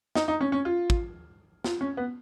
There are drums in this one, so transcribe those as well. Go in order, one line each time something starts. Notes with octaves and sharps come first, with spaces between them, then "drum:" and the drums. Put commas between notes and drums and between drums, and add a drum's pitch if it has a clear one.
D#4, drum: snare
D#4
C#4
C#4
F4
drum: kick
F4, drum: snare
C#4
B3